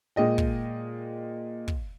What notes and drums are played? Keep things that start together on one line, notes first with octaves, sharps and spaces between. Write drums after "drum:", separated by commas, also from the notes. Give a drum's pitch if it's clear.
A#2 G#3 D#5 G5
drum: kick
drum: kick